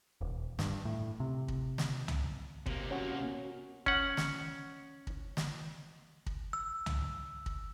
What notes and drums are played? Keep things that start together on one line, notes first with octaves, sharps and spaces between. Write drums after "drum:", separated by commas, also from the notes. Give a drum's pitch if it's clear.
D#1
G2, drum: snare
A2
C3
drum: kick
drum: snare
drum: tom C2
C3 A#3, drum: kick
C#4 F#4
C#4 F#5, drum: kick
drum: snare
drum: kick
drum: snare
drum: kick
E6
drum: tom C2
drum: kick